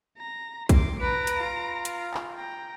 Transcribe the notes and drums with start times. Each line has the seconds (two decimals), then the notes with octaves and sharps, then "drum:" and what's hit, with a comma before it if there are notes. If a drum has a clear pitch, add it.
0.17 A#5
0.69 C6 D6, drum: kick, hi-hat
1.00 B4 A#5 D7
1.27 drum: hi-hat
1.37 F4
1.85 drum: hi-hat
2.14 drum: clap
2.35 G5 A#5